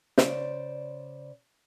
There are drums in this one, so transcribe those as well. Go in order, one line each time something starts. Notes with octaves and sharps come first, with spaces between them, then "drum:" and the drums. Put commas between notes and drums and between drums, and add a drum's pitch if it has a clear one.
C#3 C5 D5, drum: snare